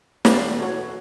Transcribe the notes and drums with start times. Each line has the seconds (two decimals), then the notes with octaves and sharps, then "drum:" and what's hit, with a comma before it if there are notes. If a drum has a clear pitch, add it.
0.25 B1 E2 D5 F5 G5, drum: snare
0.60 F#4 A4 C#5